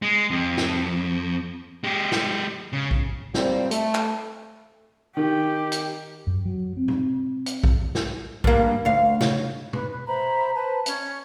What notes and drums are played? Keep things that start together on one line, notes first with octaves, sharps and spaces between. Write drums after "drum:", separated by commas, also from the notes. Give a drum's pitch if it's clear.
G#3
F2
drum: snare
G#3 G4
drum: snare
C#3
drum: kick A#1
A#2 G3 C4, drum: snare
A3, drum: hi-hat
drum: clap
D#3 G4
drum: hi-hat
F#2
F#3
C4
drum: tom B2
drum: hi-hat
drum: kick A#1
drum: snare
G2 A#3, drum: kick A#1
D2 F5
C#3, drum: snare
B4, drum: tom B2
B4
C5 E5 A#5 B5
B4 C5 A5
C#4, drum: hi-hat